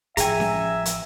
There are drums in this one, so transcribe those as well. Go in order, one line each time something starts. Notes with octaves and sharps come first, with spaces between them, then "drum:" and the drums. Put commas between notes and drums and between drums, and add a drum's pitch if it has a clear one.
A1 F3 G#4 E5 G5 G#5 A#5, drum: hi-hat
drum: snare C#4
drum: hi-hat